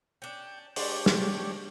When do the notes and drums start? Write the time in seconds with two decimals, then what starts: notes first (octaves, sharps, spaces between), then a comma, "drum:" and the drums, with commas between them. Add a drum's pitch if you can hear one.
0.22 C#4 D4 G5
0.76 G#3 D4 G4 C#5 D5, drum: open hi-hat
1.06 drum: snare